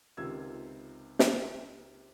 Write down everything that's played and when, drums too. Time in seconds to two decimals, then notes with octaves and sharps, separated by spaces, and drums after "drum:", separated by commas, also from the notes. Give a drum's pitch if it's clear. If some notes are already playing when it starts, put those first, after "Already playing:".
0.17 C#2 C3 D#3 F4 E6 G#6
1.19 drum: snare